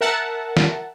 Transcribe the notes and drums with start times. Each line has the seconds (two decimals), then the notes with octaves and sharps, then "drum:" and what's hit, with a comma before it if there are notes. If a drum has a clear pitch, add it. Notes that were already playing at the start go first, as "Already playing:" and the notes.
0.01 A#4 E5 F#5 A5
0.57 drum: snare